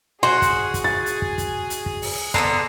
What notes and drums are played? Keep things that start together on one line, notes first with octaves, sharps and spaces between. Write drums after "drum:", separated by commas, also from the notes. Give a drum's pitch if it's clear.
F#4 G#4 C5 C6
drum: kick, hi-hat
drum: kick, hi-hat
A6
drum: hi-hat
drum: kick
drum: kick, hi-hat
drum: hi-hat
drum: kick
drum: open hi-hat
D3 A#3 B3 A5 A#5 C6, drum: kick